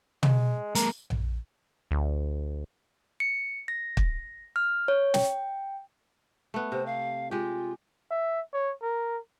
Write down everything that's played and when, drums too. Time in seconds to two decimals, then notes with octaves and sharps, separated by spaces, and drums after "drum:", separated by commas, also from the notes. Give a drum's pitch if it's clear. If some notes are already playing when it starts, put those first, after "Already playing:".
0.23 G#3, drum: tom
0.75 G#3 A#3 A#4, drum: hi-hat
1.10 drum: tom A#1
1.91 D2
3.20 C#7
3.68 A#6
3.97 drum: kick
4.56 F6
4.88 C#5
5.14 G5, drum: snare
6.54 A3 B3
6.72 C3 C5
6.86 F5
7.31 G#3 F4 G4
8.11 E5
8.53 C#5
8.82 A#4